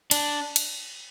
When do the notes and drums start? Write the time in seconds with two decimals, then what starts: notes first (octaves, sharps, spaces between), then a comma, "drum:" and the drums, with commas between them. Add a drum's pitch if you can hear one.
0.11 D4, drum: cymbal
0.56 drum: cymbal